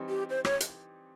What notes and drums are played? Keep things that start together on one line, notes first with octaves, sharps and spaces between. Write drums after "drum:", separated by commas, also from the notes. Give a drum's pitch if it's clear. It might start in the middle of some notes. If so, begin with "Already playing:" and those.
Already playing: E3 G3 C4 D#4
G4
C5
C#5, drum: rim click
drum: hi-hat